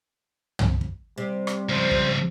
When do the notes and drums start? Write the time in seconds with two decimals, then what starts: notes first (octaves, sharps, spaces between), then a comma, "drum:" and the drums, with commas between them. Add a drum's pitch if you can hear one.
0.59 drum: tom
0.81 drum: kick
1.18 C3 G3
1.47 drum: rim click
1.69 C#2 F3 C5
1.91 drum: kick